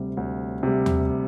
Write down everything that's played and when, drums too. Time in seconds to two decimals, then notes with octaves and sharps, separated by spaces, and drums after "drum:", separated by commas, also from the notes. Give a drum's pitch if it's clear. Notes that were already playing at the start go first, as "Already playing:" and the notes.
Already playing: D2 C3 G3
0.17 D2
0.63 C3 G3
0.86 drum: tom